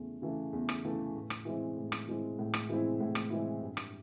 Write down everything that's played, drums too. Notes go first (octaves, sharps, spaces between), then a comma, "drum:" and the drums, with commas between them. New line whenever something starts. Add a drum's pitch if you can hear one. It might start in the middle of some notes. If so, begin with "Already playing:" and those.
Already playing: E2 C#3 E3 A3
C#3 E3 A3
E2
drum: rim click
C#3 E3 A3
A2
drum: rim click
E3 G#3 C4 E4
A2
drum: rim click
E3 G#3 C4 E4
A2
drum: rim click
E3 G#3 C4 E4
A2
drum: rim click
E3 G#3 C4 E4
G2
drum: rim click